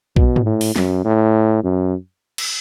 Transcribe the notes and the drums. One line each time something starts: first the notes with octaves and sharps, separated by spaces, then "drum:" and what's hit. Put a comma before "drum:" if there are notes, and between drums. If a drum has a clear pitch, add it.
B2, drum: kick
drum: tom G#2
A2
drum: open hi-hat
F#2, drum: snare
A2
F#2
drum: cymbal